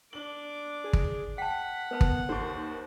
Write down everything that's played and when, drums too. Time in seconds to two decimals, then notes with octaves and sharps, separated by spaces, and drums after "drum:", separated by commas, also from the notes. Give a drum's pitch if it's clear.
0.13 D4 D6 F#7
0.84 G#4
0.93 drum: kick
1.38 F#5 G5 A5 B6
1.91 B3 A#4 B4 A5
2.01 drum: kick
2.29 D#2 D#3 C5